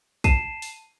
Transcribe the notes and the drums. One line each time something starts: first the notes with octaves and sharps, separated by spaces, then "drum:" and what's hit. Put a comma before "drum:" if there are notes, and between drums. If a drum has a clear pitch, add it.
A5 C7 D#7 E7, drum: kick, hi-hat
drum: open hi-hat